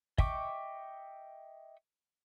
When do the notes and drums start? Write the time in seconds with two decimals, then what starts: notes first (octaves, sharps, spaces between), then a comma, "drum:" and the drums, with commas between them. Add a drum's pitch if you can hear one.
0.18 D#5 E5 G5 C#6 D6, drum: kick